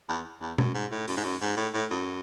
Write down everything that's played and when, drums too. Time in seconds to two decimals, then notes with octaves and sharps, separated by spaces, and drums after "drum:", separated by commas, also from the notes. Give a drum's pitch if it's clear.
0.09 E2
0.41 E2
0.58 F#2, drum: tom B2
0.74 G#2
0.91 A2
1.08 F#2, drum: open hi-hat
1.17 G#2
1.24 F#2
1.41 G#2
1.57 A2
1.74 A2
1.91 F#2